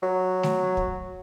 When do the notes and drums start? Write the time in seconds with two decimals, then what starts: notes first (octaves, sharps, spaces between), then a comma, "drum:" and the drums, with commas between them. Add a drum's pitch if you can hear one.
0.03 F#3
0.43 drum: snare A3
0.77 drum: kick